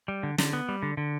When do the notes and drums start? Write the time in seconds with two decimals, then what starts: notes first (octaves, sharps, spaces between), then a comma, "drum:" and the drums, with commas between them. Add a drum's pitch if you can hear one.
0.08 G3
0.23 D3
0.38 D3, drum: snare
0.53 B3
0.69 G3
0.83 D3
0.97 D3